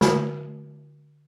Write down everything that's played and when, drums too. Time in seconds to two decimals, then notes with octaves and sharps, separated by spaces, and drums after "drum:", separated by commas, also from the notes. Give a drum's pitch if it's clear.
0.01 D3 F#4, drum: snare